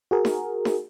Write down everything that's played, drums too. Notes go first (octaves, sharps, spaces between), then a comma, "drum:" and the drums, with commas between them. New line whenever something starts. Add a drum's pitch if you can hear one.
F#4 G#4 A#4
drum: snare D#4
drum: snare D#4